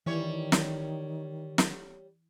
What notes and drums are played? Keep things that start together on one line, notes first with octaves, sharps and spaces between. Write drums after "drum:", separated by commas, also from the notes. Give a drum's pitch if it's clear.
D#3 E3 G3 C#5
drum: snare
drum: snare